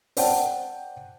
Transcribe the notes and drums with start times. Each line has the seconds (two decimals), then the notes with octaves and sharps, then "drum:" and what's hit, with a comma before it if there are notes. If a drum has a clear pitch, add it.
0.17 C5 D5 F#5 G5 A5, drum: open hi-hat